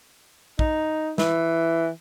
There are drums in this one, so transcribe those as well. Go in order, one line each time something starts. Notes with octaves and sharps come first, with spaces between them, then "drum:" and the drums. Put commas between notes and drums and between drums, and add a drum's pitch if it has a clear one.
D#4, drum: kick
E3, drum: snare